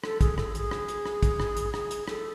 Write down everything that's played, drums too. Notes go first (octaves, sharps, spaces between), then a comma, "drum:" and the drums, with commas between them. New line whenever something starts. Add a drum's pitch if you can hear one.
A4, drum: rim click
G#4, drum: kick A#1, hi-hat
A4, drum: rim click
A4
G#4, drum: hi-hat
drum: rim click
drum: hi-hat
drum: rim click
drum: kick A#1, hi-hat
drum: rim click
drum: hi-hat
drum: rim click
drum: hi-hat
A4, drum: rim click